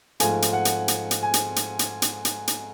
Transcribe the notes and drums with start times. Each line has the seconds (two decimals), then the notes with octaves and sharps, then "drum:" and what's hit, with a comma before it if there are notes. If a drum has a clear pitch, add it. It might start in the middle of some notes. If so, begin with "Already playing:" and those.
0.20 G#2 F3 A3 G#5, drum: hi-hat
0.42 drum: hi-hat
0.53 F#5
0.65 drum: hi-hat
0.88 drum: hi-hat
1.11 drum: hi-hat
1.23 G#5
1.34 drum: hi-hat
1.56 drum: hi-hat
1.79 drum: hi-hat
2.02 drum: hi-hat
2.25 drum: hi-hat
2.48 drum: hi-hat